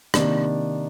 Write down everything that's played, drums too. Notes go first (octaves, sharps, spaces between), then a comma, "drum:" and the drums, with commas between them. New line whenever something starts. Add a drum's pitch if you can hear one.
C3 D#3 A#3 D4, drum: rim click